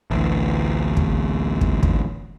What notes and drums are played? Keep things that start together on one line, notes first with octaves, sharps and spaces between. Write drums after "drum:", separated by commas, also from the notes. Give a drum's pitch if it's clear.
A1 D2
drum: kick
drum: kick
drum: kick